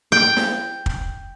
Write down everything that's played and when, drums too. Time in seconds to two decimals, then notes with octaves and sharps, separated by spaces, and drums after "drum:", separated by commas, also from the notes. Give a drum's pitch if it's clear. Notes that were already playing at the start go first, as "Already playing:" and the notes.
0.12 G5
0.37 drum: snare
0.86 drum: kick